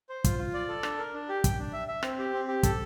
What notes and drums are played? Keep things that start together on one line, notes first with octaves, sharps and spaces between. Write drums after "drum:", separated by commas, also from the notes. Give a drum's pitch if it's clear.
C5
F4, drum: kick, hi-hat
F4
D5
A4
D4, drum: rim click
A#4
D4
G4
G5, drum: kick, hi-hat
D4
E5
E5
C4, drum: rim click
G4
C4
G4
A4, drum: kick, hi-hat